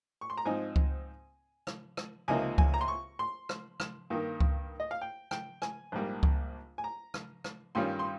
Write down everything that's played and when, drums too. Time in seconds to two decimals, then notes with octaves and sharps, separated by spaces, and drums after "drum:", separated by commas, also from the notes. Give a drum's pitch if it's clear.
0.21 C#6
0.30 C6
0.37 A#5
0.45 G#2 F3 C4 D#4 G#5
0.76 drum: kick C#2
1.67 drum: rim click
1.97 drum: rim click
2.28 C#2 C3 F3 A#3 D#4 G#5
2.58 G#5, drum: kick C#2
2.74 A#5
2.81 C6
2.88 C#6
3.19 C6
3.49 drum: rim click
3.80 drum: rim click
4.10 G2 D#3 A#3
4.40 drum: kick C#2
4.80 D#5
4.91 F5
5.01 G5
5.31 G5, drum: rim click
5.62 G#5, drum: rim click
5.92 A#1 G#2 G3 A#3
6.23 drum: kick C#2
6.78 G#5
6.84 A#5
7.14 drum: rim click
7.44 drum: rim click
7.75 G2 D#3 G3 C#4 F4 C6
7.99 C6